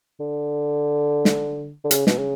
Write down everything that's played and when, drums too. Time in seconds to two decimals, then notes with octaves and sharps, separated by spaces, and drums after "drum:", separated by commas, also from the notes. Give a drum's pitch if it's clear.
0.20 D3
1.25 drum: snare
1.84 D3
1.91 C#3, drum: hi-hat
2.07 B2, drum: snare
2.18 C#3